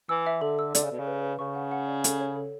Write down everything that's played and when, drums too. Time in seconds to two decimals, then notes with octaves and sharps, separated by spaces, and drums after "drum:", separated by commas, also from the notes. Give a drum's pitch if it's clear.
0.09 E3 E6
0.27 E5
0.41 D3 A4
0.59 E6
0.75 D3 D5, drum: hi-hat
0.83 C#3
0.90 B2 D5
0.99 C#3
1.07 B4
1.22 B4
1.39 C#3 C#6
1.55 F#5
1.72 F#5
1.88 D5
2.04 A4, drum: hi-hat
2.20 C#5
2.36 A4